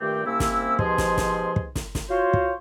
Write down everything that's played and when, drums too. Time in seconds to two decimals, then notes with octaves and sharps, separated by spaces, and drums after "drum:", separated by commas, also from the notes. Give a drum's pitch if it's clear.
0.01 G2 A#2 D#3 A3 C4 G4
0.26 C2 C3 A#3 C#4 E4 E6
0.40 drum: snare
0.79 G#2 B2 F3 G4 G#4 C6, drum: kick
0.98 drum: snare
1.17 drum: snare
1.56 drum: kick
1.75 drum: snare
1.95 drum: snare
2.09 F4 F#4 C5 C#5
2.34 drum: kick